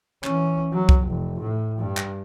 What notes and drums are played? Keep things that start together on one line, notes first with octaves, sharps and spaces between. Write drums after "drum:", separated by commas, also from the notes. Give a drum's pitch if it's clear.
E3 C#4, drum: clap
F#3
drum: kick C2
F1
A2
G2
drum: clap